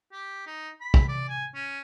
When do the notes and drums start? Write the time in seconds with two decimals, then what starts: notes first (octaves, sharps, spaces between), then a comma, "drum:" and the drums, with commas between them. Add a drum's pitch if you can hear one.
0.13 G4
0.47 D#4
0.81 B5
0.94 drum: kick
1.09 D5
1.29 G#5
1.55 C#4